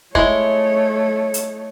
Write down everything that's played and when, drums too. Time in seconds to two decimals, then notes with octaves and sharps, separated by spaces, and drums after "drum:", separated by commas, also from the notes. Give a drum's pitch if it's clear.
0.15 G#3 A3 E4 C#5, drum: kick
1.34 drum: hi-hat